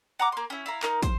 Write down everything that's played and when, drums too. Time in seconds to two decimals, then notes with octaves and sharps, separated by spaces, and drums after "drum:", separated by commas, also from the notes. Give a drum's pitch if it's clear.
0.19 F#5 A#5 D6
0.32 A#3 C6
0.50 C#4 E4
0.66 E4 F5 A#5
0.83 D#4 A#4, drum: clap
1.02 C5, drum: kick, hi-hat